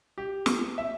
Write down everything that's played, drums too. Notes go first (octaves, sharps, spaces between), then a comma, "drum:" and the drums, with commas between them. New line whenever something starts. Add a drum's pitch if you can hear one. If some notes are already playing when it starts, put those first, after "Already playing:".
G4
drum: snare
E5